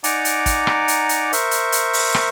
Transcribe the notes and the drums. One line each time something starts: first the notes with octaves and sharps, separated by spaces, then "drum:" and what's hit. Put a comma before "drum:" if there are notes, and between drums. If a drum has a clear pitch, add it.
D#4 D5 F#5 G#5 A#5 D6, drum: hi-hat
drum: hi-hat
drum: kick, hi-hat
drum: rim click
drum: hi-hat
drum: hi-hat
A#4 C5 E5 C#6, drum: hi-hat
drum: hi-hat
drum: hi-hat
drum: open hi-hat
drum: rim click